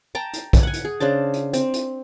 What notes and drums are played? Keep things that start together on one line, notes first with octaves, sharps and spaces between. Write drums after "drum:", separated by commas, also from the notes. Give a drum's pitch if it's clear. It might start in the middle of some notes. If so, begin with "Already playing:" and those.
G5 A5 A#5
drum: hi-hat
drum: kick B1, hi-hat
F#5 G#5
drum: hi-hat
G#4
C#3 D4 C5 A5
drum: hi-hat
C4, drum: hi-hat
drum: hi-hat